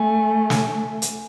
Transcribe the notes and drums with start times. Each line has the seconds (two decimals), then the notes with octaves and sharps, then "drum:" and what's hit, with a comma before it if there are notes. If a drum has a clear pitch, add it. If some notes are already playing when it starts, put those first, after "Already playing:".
Already playing: A3 G#5
0.50 drum: snare
1.02 drum: hi-hat